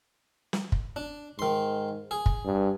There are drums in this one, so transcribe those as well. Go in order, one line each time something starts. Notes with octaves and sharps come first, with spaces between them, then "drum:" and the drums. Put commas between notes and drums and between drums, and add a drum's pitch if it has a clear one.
drum: snare
drum: kick
D4
G#2 D#3 C6
G#4
drum: kick
G2